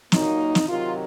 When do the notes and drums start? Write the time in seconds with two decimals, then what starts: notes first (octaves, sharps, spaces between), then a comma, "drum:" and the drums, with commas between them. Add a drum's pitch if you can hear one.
0.12 A#2 F#3 A#3 D#4, drum: snare
0.55 drum: snare
0.69 C3 D#3 F#3 F4